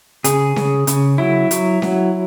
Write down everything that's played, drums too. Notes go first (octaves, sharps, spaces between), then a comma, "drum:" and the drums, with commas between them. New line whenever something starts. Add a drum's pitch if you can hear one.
C#3 G#4, drum: hi-hat
C#3, drum: snare C#4
C#3, drum: hi-hat
F#3 E4
F#3, drum: hi-hat
F#3, drum: snare C#4